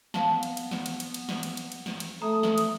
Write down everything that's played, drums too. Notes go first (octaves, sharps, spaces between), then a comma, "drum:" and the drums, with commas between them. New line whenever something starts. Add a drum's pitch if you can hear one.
B3 F5 A5, drum: snare
drum: cymbal
drum: cymbal
drum: snare
drum: cymbal
drum: cymbal
drum: cymbal
drum: snare
drum: cymbal
drum: cymbal
drum: cymbal
drum: snare
drum: cymbal
A3 A#5 D#6
drum: snare
drum: cymbal